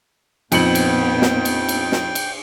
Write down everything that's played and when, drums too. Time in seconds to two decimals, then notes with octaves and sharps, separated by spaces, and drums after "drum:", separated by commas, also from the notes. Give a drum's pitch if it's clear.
0.52 F2 A#2 B3 C4 D#4 G5 C#7 F#7, drum: cymbal
0.75 drum: cymbal
1.22 drum: snare
1.45 drum: cymbal
1.69 drum: cymbal
1.92 drum: snare
2.15 drum: cymbal